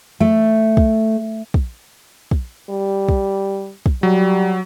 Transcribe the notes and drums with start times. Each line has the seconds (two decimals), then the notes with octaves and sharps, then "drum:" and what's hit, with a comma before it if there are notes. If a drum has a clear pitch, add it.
0.20 A3
0.77 drum: kick
1.54 drum: kick
2.31 drum: kick
2.70 G3
3.09 drum: kick
3.86 drum: kick
4.03 F#3 G3